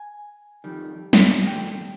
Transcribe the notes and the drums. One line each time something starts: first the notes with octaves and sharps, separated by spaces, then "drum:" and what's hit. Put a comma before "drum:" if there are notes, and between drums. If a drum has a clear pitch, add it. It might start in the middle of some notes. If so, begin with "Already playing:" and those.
Already playing: G#5
F2 D#3 G3
drum: snare
F2 D#3 G3 G5